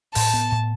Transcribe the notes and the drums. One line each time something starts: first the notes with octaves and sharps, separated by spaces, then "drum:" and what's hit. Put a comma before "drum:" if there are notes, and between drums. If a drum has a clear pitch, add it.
A2 A5, drum: open hi-hat
B3
A2